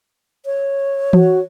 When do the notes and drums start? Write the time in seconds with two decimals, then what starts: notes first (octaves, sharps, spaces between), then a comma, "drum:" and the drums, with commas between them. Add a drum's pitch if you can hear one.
0.46 C#5
1.13 F#4, drum: tom E3